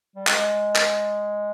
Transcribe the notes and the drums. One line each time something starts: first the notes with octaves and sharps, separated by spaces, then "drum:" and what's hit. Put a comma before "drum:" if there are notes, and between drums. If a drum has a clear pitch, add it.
G3
G#3, drum: clap
drum: clap